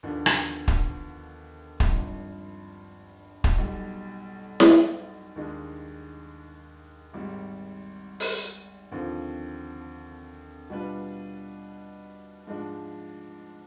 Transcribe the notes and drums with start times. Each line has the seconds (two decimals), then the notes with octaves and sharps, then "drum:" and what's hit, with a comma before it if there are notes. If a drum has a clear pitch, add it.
0.03 D#2 D3 F3 B3 D4
0.26 drum: rim click
0.68 drum: kick
1.80 G#1 G2 F3, drum: kick
3.44 drum: kick
3.58 B1 B2 G3
4.60 drum: snare E4
5.36 D#2 D#3 G#3 D4 G#4
7.13 G#1 G#2 G3
8.20 drum: open hi-hat
8.91 D#2 D3 F3 C4 F4
10.70 B2 G3 D4 F4 B4
12.47 G#2 F3 G#3 D4